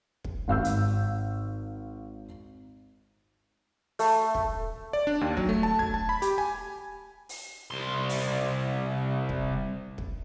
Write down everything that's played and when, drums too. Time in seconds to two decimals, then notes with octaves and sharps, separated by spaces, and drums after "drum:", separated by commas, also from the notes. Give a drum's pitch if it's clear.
0.24 drum: kick
0.48 G#1 F5 E6 G6
0.65 drum: hi-hat
3.99 A3, drum: open hi-hat
4.35 drum: kick
4.93 D5
5.07 D4
5.21 D#2
5.37 F#3, drum: kick
5.49 A3
5.63 A5
5.79 G#6, drum: kick
5.94 A5
6.09 B5
6.22 G4, drum: hi-hat
6.38 G#5
7.29 drum: open hi-hat
7.71 C2 C6
8.09 drum: open hi-hat
9.29 drum: kick
9.98 drum: kick